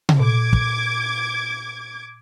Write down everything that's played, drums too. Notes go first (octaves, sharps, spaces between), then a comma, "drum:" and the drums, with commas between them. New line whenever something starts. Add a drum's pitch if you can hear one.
drum: tom C3
A#2 D6 G#6
drum: kick